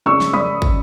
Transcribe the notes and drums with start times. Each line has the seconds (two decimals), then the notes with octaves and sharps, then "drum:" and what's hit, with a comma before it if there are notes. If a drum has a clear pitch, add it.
0.06 C#3 G#3 C#4 C#6 E6
0.20 drum: snare
0.33 B5 D#6, drum: tom
0.62 drum: kick